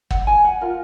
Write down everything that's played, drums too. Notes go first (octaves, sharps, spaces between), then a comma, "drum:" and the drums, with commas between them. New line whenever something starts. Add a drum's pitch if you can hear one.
F#5, drum: kick
G#5
F#5
F4 A#4